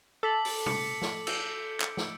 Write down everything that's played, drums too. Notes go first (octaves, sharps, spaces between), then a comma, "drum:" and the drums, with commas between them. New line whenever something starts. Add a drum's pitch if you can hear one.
A4 D6 B6 F#7
drum: open hi-hat
C#7, drum: tom
drum: snare
E6 G6 D7, drum: cymbal
drum: clap
drum: snare